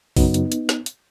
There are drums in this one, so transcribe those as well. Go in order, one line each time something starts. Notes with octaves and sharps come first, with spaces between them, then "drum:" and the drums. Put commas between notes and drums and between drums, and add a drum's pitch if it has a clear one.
F#2 C#3 F#3 B3 D#4, drum: kick A#1, open hi-hat
drum: hi-hat
drum: hi-hat
drum: snare
drum: hi-hat